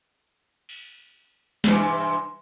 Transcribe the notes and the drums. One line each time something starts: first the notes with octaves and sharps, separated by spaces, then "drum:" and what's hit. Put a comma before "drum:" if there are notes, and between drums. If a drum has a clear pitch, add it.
drum: cymbal
G2 C3 E3, drum: snare